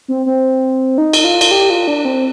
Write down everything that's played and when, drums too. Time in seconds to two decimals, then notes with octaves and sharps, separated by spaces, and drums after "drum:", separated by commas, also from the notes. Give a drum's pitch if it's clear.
0.08 C4
0.26 C4
0.98 D#4
1.13 drum: cymbal
1.24 F4
1.41 drum: cymbal
1.51 G4
1.70 F4
1.88 D4
2.05 C4